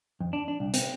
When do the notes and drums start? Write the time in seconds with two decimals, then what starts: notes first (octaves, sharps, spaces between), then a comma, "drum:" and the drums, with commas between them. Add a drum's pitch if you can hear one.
0.21 F2
0.33 D4
0.48 D4
0.60 C2
0.74 C4, drum: hi-hat